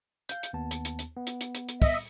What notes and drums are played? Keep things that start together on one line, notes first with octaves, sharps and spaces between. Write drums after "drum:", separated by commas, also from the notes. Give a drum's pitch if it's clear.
F5 G6, drum: hi-hat
drum: hi-hat
D#2 B3 A5
drum: hi-hat
drum: hi-hat
drum: hi-hat
B3
drum: hi-hat
drum: hi-hat
drum: hi-hat
drum: hi-hat
D#5 E5, drum: kick, open hi-hat